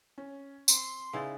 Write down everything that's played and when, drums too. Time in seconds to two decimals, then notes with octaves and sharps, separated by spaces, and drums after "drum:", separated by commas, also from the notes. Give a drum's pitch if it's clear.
0.18 C#4
0.68 C4 C6, drum: tambourine
1.13 C#3 B3 D#4 E4 A6